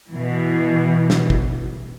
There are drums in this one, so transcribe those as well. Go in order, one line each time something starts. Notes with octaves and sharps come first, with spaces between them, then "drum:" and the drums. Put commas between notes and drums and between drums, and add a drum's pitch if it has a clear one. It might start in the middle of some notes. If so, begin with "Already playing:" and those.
B2 E3
drum: snare
drum: kick G#1